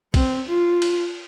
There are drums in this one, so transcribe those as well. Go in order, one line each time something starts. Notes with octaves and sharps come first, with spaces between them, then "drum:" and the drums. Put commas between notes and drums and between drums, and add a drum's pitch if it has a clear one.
C4, drum: kick, cymbal
F4
drum: cymbal